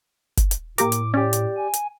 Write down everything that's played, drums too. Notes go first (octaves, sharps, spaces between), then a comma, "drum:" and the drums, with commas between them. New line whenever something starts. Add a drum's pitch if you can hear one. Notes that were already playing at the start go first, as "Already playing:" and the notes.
drum: kick, hi-hat
drum: hi-hat
A2 A#3 G4 A#4 D6, drum: hi-hat
drum: hi-hat
C#4 G4 D5
drum: hi-hat
G#5
drum: hi-hat